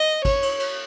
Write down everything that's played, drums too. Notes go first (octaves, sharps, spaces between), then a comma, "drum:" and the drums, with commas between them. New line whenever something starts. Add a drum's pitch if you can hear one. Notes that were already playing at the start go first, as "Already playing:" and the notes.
Already playing: D#5
C#5, drum: kick G#1, cymbal
drum: cymbal
drum: cymbal